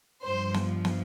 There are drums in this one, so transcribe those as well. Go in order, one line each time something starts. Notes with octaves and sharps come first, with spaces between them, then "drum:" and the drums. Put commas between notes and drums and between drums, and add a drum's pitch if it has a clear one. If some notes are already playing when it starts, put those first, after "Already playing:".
G2 F3 C5
drum: snare
drum: snare